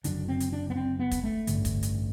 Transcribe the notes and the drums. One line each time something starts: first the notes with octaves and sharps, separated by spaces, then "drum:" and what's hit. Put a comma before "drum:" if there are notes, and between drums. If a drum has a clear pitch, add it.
F#1 F#2 D3 D4, drum: hi-hat
C4
drum: hi-hat
D4
B3
C4
B3
drum: kick, hi-hat
A3
A1 G2 D3, drum: hi-hat
drum: kick, hi-hat
drum: hi-hat